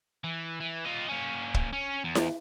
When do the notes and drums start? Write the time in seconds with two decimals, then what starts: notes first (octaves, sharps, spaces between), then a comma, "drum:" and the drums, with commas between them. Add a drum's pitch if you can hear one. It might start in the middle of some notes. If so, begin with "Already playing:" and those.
0.24 E3
0.61 E3
0.85 F4 D#5
1.09 A#3 C#4
1.54 drum: kick
1.73 C#4
2.04 E2
2.15 drum: snare E4